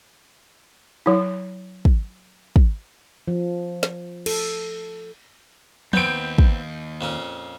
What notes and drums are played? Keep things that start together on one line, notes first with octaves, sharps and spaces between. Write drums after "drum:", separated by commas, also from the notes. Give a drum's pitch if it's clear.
F#3 E4
drum: kick
drum: kick
F3
drum: snare
A4, drum: cymbal
D#2 B3 C4 G6 D7, drum: tom
drum: kick
F2 A#2 C#4